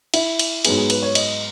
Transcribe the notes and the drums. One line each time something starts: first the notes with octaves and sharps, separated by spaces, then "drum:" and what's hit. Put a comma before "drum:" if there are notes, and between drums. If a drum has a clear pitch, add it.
E4, drum: cymbal
drum: cymbal
G#2 F#3 B3 G#4, drum: cymbal
G#4
B4, drum: cymbal
C#5
D#5, drum: cymbal